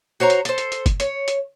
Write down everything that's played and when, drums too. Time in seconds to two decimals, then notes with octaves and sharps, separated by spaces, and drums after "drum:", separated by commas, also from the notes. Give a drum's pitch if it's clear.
0.20 F#4 C5 C#5 A#5
0.30 drum: hi-hat
0.45 A4 C5, drum: hi-hat
0.58 drum: hi-hat
0.72 drum: hi-hat
0.86 drum: kick, hi-hat
1.00 C#5, drum: hi-hat
1.28 drum: hi-hat